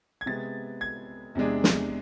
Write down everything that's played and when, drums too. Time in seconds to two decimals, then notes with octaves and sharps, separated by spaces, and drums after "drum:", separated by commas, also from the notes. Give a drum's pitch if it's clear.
0.21 G#6
0.26 C3 G#3 B3 A6
0.81 G#6
1.35 E2 C3 G#3 D4
1.64 drum: snare